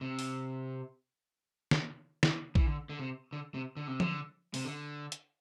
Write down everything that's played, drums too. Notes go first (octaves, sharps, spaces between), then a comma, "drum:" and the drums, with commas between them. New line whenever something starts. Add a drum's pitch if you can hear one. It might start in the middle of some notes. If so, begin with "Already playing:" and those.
C3
drum: open hi-hat
drum: snare
drum: snare
E3, drum: kick A#1
D3
D3
C3
D3
C3
D3
C3
D3, drum: tom F3
C3, drum: open hi-hat
D3
drum: hi-hat